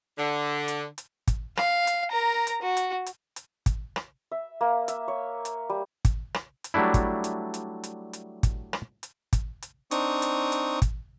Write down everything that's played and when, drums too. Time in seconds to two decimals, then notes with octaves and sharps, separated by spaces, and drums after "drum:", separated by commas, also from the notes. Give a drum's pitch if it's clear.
0.18 D3
0.68 drum: hi-hat
0.98 drum: hi-hat
1.28 drum: kick, hi-hat
1.57 F5, drum: rim click
1.87 drum: hi-hat
2.12 A#4 A#5
2.47 drum: hi-hat
2.62 F#4
2.77 drum: hi-hat
3.06 drum: hi-hat
3.36 drum: hi-hat
3.66 drum: kick, hi-hat
3.96 drum: rim click
4.31 E5
4.61 A#3
4.88 E5, drum: hi-hat
5.08 C#5
5.45 drum: hi-hat
5.69 G3
6.05 drum: kick, hi-hat
6.34 drum: rim click
6.64 drum: hi-hat
6.74 F#3 G3 A3 D4 E4
6.94 drum: kick, hi-hat
7.24 drum: hi-hat
7.54 drum: hi-hat
7.84 drum: hi-hat
8.13 drum: hi-hat
8.43 drum: kick, hi-hat
8.73 drum: rim click
9.03 drum: hi-hat
9.33 drum: kick, hi-hat
9.62 drum: hi-hat
9.91 C4 D4 D#4 C#6 D#6, drum: hi-hat
10.22 drum: hi-hat
10.52 drum: hi-hat
10.82 drum: kick, hi-hat